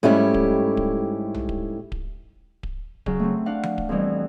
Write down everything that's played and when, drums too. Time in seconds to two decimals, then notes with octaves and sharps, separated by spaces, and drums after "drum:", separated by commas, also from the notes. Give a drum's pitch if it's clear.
0.03 G#2 G3 A3 C#4 E4 G4
0.34 drum: kick D1
0.77 drum: kick D1
1.34 drum: tom B1
1.49 drum: kick D1
1.92 drum: kick D1
2.63 drum: kick D1
3.06 C#3 F#3, drum: kick D1
3.19 A3 C4
3.46 D4 F5 F#5
3.63 drum: tom F3
3.78 drum: kick D1
3.89 F2 B2 E3 G3